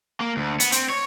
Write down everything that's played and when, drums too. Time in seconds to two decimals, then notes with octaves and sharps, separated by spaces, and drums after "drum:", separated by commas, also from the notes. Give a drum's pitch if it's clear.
0.20 A#3
0.37 D2
0.60 B3, drum: hi-hat
0.72 C4, drum: hi-hat
0.90 C#5